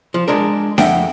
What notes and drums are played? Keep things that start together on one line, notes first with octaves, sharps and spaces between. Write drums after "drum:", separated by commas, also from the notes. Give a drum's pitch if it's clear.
F3
G#3 D4 A#4
F2 E5 F#5 G5, drum: snare D4